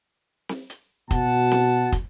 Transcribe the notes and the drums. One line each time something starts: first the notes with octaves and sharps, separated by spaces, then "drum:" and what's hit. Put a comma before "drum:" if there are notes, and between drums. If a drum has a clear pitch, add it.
drum: snare C4
drum: hi-hat
B2 F#4 F#5 A5, drum: kick, hi-hat
drum: snare C4
drum: kick, hi-hat